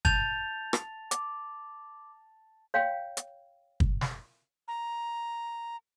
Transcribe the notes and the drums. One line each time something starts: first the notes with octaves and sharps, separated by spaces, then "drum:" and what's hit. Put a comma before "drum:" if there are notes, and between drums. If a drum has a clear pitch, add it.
A5 G6 A6 F7, drum: kick
drum: rim click
D6, drum: hi-hat
C#5 F5 G5
drum: hi-hat
drum: kick
drum: snare
A#5